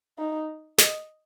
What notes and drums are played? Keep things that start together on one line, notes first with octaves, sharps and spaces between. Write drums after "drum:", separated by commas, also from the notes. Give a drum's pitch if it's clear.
D#4
D#5, drum: snare